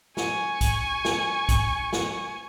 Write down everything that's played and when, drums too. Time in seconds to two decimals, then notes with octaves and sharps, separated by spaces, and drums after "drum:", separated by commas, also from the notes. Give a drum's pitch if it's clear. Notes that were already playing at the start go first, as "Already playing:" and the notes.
0.17 G#5 C#6, drum: snare
0.61 drum: kick, hi-hat
1.05 drum: snare
1.49 drum: kick, hi-hat
1.93 drum: snare